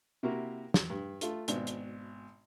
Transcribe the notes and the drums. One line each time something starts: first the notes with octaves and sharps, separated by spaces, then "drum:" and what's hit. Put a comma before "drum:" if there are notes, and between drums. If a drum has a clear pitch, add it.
C3 A#3 E4 F#4 A#4
drum: snare
G2
A3 F4, drum: hi-hat
G#1 B2 D4, drum: hi-hat
drum: hi-hat